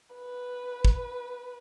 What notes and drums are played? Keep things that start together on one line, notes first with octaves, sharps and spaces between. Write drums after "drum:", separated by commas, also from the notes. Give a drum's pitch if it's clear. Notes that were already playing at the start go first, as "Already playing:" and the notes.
B4
drum: kick